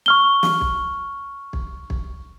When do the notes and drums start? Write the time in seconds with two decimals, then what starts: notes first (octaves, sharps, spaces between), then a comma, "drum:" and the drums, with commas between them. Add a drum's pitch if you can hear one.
0.06 C#6 F6 G7
0.43 drum: snare
0.61 drum: kick
1.53 drum: kick
1.90 drum: kick